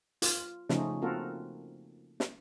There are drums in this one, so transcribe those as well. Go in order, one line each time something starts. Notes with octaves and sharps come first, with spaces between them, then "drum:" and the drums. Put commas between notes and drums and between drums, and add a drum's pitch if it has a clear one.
F4, drum: hi-hat
C#3 F3 A3 C#4 D#4, drum: snare
A#3 C4 F4 F#4 A4 A#4
drum: snare